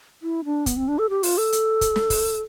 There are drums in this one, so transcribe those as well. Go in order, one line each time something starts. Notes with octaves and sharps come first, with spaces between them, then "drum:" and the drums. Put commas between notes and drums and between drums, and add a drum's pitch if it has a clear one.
E4
D4
B3, drum: kick, hi-hat
C4
D4
A4
G4
F4, drum: open hi-hat
A4
drum: hi-hat
drum: kick, hi-hat
drum: snare
drum: kick, open hi-hat